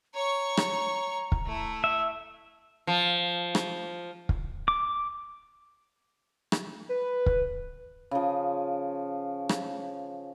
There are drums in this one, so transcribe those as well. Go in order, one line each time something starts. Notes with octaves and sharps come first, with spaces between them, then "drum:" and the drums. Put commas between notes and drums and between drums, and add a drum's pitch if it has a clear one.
C#5 A#5 C#6
drum: rim click
drum: kick
A3 E4
E5
F3
drum: rim click
drum: kick
D6
drum: rim click
B4
drum: kick
C#3 F3
drum: rim click